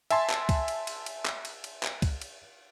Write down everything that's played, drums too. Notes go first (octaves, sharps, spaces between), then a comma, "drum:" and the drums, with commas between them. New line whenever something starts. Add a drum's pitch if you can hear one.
E5 G#5 A5 C6, drum: cymbal
drum: clap
drum: kick, cymbal
drum: cymbal
drum: cymbal
drum: cymbal
drum: clap
drum: cymbal
drum: cymbal
drum: clap
drum: kick, cymbal
drum: cymbal